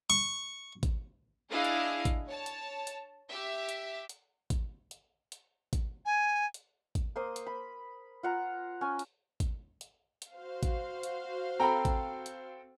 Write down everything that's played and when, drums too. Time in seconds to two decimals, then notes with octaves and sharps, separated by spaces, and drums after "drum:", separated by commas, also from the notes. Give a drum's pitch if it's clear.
0.10 C#6
0.83 drum: kick, hi-hat
1.51 D4 E4 G#4 D#5 F5
1.65 drum: hi-hat
2.05 drum: kick, hi-hat
2.27 C#5 A5
2.46 drum: hi-hat
2.87 drum: hi-hat
3.31 G4 E5
3.69 drum: hi-hat
4.09 drum: hi-hat
4.50 drum: kick, hi-hat
4.91 drum: hi-hat
5.32 drum: hi-hat
5.73 drum: kick, hi-hat
6.06 G#5
6.54 drum: hi-hat
6.95 drum: kick, hi-hat
7.16 A#3 C5 D#6
7.36 drum: hi-hat
7.46 B5
8.23 F4 F#5 A#5
8.81 C#4 G#5
8.99 drum: hi-hat
9.40 drum: kick, hi-hat
9.81 drum: hi-hat
10.22 drum: hi-hat
10.32 F#4 C5 F5
10.63 drum: kick, hi-hat
11.03 drum: hi-hat
11.60 C4 A4 G5 A#5 B5
11.85 drum: kick, hi-hat
12.26 drum: hi-hat